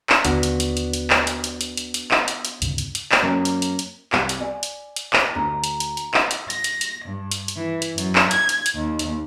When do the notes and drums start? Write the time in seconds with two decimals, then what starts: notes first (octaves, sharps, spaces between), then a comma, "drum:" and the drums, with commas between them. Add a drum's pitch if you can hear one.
0.10 drum: clap
0.25 D#2 D3 D#3 B3 D4 F#4, drum: hi-hat
0.43 drum: hi-hat
0.60 drum: hi-hat
0.77 drum: hi-hat
0.93 drum: hi-hat
1.10 drum: clap
1.27 drum: hi-hat
1.44 drum: hi-hat
1.61 drum: hi-hat
1.77 drum: hi-hat
1.94 drum: hi-hat
2.11 drum: clap
2.28 drum: hi-hat
2.45 drum: hi-hat
2.62 D2 G2 C#3, drum: hi-hat
2.78 drum: hi-hat
2.95 drum: hi-hat
3.12 drum: clap
3.22 F#2 A#3 C#4
3.45 drum: hi-hat
3.62 drum: hi-hat
3.79 drum: hi-hat
4.12 C2 G3, drum: clap
4.29 drum: hi-hat
4.40 D5 G#5
4.63 drum: hi-hat
4.96 drum: hi-hat
5.13 drum: clap
5.35 D2 A#5
5.64 drum: hi-hat
5.80 drum: hi-hat
5.97 drum: hi-hat
6.14 drum: clap
6.31 drum: hi-hat
6.50 A#6, drum: hi-hat
6.64 drum: hi-hat
6.81 drum: hi-hat
7.06 G2
7.31 drum: hi-hat
7.48 drum: hi-hat
7.58 E3
7.82 drum: hi-hat
7.98 F#2, drum: hi-hat
8.15 drum: clap
8.31 G#6, drum: hi-hat
8.49 drum: hi-hat
8.66 drum: hi-hat
8.75 D#2
8.99 drum: hi-hat